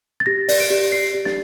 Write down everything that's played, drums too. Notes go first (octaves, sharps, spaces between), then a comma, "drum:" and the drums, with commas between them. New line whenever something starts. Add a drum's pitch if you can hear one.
A6
G4 A#6
D5, drum: open hi-hat
D7
G4
D5 C7
G4
A6, drum: snare